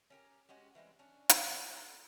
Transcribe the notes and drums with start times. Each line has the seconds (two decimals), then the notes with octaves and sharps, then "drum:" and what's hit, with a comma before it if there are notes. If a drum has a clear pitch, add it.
0.10 C#4 G4 A#4
0.49 G#3 C#4 F#4 G4
0.75 E3 G3 G#3 C4
0.99 C#4 D4
1.29 drum: hi-hat
1.50 F#4 A4